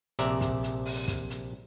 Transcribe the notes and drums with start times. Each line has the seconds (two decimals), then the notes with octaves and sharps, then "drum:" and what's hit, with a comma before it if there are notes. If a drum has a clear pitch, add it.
0.19 A#1 C3 D5 E5 A#5, drum: hi-hat
0.41 drum: kick, hi-hat
0.63 drum: hi-hat
0.85 drum: open hi-hat
1.08 drum: kick, hi-hat
1.30 drum: hi-hat